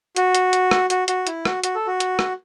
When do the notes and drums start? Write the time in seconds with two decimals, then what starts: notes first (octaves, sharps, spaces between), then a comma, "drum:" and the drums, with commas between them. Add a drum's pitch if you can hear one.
0.16 F#4, drum: hi-hat
0.35 drum: hi-hat
0.53 drum: hi-hat
0.71 drum: rim click
0.90 F#4, drum: hi-hat
1.08 F#4, drum: hi-hat
1.27 E4, drum: hi-hat
1.45 F#4, drum: rim click
1.64 F#4, drum: hi-hat
1.75 A4
1.87 F#4
2.00 drum: hi-hat
2.19 drum: rim click